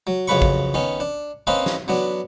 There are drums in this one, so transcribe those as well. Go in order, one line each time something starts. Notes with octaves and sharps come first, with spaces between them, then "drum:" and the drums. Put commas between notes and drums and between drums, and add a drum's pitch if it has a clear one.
F#3
F2 C#3 F#3 B4 B5 C#6
drum: kick A1
D#3 B3 C#4
D4
A#3 C4 C#4 B4 D#5
drum: snare
F#3 B3 D4